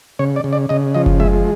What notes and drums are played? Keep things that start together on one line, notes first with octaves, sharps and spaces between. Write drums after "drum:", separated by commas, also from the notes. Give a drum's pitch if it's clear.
C#3 C#5
D5
C#3
D5
C#3 D#5
F3 D#5
drum: kick F#1
G#3 E5